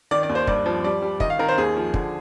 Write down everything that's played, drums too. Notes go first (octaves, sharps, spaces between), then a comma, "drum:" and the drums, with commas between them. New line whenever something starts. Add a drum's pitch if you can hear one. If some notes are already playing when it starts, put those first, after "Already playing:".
D#3 D5
D5
D#2
C5
G2 D5, drum: kick
F3
G3 D5
G3
D#3 D#5, drum: kick
F5
D#3 A#4
C5
D#2 G#4
F3
D3, drum: kick